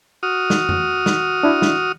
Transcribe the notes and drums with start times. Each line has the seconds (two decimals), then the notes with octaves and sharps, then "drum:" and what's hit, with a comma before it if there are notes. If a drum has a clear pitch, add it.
0.23 F#4 D#6 F6
0.50 drum: snare
0.69 drum: tom F2
1.06 drum: snare
1.43 D4 E4
1.62 drum: snare